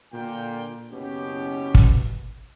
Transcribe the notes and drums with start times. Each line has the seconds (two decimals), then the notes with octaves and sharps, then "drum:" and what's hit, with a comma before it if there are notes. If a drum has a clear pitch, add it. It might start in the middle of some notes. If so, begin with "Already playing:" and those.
0.13 A#2 D3 G5
0.92 F#1 B2 C#4 G4
1.75 drum: kick